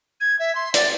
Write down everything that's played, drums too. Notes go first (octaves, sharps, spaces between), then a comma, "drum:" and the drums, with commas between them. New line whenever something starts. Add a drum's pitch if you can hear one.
G#6
E5
C6
D5, drum: hi-hat